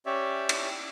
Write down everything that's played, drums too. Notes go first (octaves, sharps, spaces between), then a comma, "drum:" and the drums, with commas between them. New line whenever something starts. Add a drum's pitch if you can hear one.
C#4 G4 C#5 D5 E5
drum: cymbal